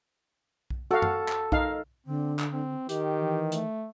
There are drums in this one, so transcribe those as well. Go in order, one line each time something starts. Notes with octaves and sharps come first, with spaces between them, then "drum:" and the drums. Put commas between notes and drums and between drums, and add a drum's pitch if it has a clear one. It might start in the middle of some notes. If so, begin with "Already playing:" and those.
drum: kick B1
F#4 A4 F5 A5
drum: tom F#2
drum: clap
D#4 F5, drum: kick B1
D3 C4
drum: clap
C4
D#3 G4, drum: hi-hat
E3
A3, drum: hi-hat